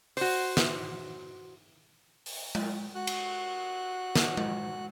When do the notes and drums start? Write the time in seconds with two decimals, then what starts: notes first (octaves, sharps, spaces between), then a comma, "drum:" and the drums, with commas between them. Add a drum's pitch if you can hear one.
0.17 F#4 C5, drum: open hi-hat
0.57 drum: snare
2.26 drum: open hi-hat
2.55 drum: tom G#3
2.95 F#4 F#6
3.07 drum: cymbal
4.15 drum: snare
4.37 drum: tom G#3